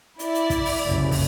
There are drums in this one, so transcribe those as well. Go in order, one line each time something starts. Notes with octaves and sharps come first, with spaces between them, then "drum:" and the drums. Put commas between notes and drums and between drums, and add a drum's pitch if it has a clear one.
E4 D5, drum: hi-hat
drum: hi-hat
drum: kick, hi-hat
drum: open hi-hat
F#1 C2
drum: kick, open hi-hat